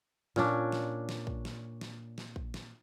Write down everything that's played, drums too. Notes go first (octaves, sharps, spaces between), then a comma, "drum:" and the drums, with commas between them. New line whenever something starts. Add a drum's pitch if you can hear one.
A#2 C#4 D4, drum: snare
drum: snare
drum: snare
drum: kick
drum: snare
drum: snare
drum: snare
drum: kick
drum: snare